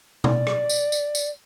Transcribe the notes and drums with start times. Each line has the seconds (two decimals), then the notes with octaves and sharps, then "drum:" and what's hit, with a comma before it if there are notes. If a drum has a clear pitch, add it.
0.24 D5, drum: tom B2
0.47 drum: rim click
0.69 drum: tambourine
0.92 drum: tambourine
1.15 drum: tambourine